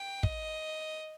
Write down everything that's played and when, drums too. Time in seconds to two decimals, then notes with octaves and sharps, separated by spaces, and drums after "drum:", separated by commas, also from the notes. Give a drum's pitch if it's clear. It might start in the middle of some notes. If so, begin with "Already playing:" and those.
Already playing: G5
0.23 D#5, drum: kick